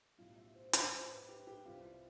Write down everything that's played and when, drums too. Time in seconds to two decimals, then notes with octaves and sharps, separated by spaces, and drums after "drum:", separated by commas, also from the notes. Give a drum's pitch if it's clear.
0.18 B1 A2 G3 F4
0.36 E5
0.54 C5
0.73 C5, drum: hi-hat
1.10 B4
1.29 G4
1.47 G4
1.65 C2 C3 G3 C4 F4
1.84 E4